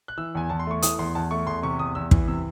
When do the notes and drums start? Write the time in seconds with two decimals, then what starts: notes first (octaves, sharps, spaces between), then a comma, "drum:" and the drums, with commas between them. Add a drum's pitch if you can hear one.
0.08 F#6
0.18 E3 E6
0.35 E2 G#5
0.49 E2 A5
0.60 C6
0.67 A3 C#6
0.82 E3 D#6, drum: hi-hat
0.99 E2 C6
1.15 E2 A5
1.31 A3 C#6
1.47 E2 C6
1.63 C3 C#6
1.79 E2 D#6
1.95 E2 E6
2.11 E3, drum: kick
2.28 C3 E6